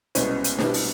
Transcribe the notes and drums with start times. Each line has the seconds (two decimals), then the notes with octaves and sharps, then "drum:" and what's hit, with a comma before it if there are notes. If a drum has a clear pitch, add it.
0.15 C2 B2 G#3 B3 C#4, drum: hi-hat
0.44 drum: hi-hat
0.59 C2 B2 G3 B3 D4, drum: snare
0.74 drum: open hi-hat